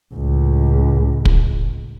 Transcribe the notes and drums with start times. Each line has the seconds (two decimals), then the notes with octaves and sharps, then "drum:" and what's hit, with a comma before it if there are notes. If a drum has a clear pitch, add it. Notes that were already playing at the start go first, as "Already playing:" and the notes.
0.14 C#2 A2
1.25 drum: kick